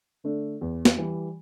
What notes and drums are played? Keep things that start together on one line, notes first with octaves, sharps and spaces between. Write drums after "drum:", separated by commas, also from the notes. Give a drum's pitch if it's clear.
D3 A3 D4
E2
drum: snare
E3 G3